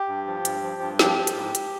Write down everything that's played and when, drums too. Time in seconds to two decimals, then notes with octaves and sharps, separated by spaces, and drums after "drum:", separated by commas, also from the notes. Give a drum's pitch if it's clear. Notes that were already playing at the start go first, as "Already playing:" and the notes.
Already playing: G4
0.08 G2
0.27 F3
0.45 G2, drum: hi-hat
0.63 F3
0.81 G2
0.99 F3 G4, drum: snare
1.18 F3
1.27 drum: hi-hat
1.37 G#2
1.55 drum: hi-hat